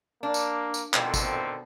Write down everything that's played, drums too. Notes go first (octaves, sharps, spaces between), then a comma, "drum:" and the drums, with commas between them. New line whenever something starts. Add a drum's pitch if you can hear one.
A#3 D4
drum: tambourine
drum: tambourine
F2 B2 D3 D#3 C4, drum: clap
drum: kick, tambourine